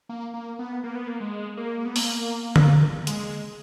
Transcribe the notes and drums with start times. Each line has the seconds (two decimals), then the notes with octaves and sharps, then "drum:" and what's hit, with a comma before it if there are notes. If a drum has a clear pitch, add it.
0.09 A#3
0.34 A#3
0.59 B3
0.84 A#3
0.95 B3
1.07 A#3
1.20 G#3
1.57 A#3
1.86 B3
1.96 A#3, drum: open hi-hat
2.56 drum: tom D3
3.07 G#3, drum: hi-hat